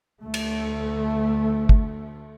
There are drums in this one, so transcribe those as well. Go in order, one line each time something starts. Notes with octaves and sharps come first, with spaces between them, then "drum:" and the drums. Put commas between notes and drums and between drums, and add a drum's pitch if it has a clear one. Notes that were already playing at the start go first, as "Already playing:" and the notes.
D2 A3
drum: cymbal
drum: kick G1